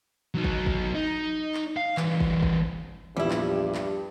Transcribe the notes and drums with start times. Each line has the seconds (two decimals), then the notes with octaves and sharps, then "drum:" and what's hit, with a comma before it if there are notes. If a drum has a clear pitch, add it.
0.35 F#3 D#4
0.44 drum: kick
0.66 drum: kick
0.95 D#4
1.54 drum: clap
1.76 F5
1.97 E3 G3, drum: clap
2.20 drum: kick
2.43 drum: kick
3.16 A#1 E2 G2 F3 G3 E4 G4
3.31 drum: clap
3.75 drum: clap